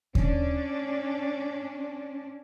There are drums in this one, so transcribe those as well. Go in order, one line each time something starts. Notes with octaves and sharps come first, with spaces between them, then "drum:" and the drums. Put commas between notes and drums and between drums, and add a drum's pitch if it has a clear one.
C#4 D4, drum: kick D#2